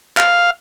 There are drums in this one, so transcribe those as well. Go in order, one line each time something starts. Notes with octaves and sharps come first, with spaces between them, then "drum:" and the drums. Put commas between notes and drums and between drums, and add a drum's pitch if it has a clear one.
F5, drum: clap